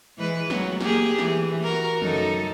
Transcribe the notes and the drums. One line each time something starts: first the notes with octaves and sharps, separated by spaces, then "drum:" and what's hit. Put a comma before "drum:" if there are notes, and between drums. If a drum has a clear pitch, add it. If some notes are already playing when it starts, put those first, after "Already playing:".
E3 G#3 B4
F#3, drum: snare
A#3 G4 G#4, drum: snare
E3, drum: snare
F#4 A#4
F#2 D#4 A4, drum: tom